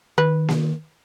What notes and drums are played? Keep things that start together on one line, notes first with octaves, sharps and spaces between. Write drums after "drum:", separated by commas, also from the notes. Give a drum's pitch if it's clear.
D#3 B4
drum: snare A#3